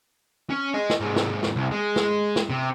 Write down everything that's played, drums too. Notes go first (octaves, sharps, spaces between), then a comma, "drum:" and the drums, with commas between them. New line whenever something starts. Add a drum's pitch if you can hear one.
C#4
D#5 G#5
drum: snare
G#2 C3
drum: snare
drum: snare
C2
G#3
drum: snare
drum: snare
C3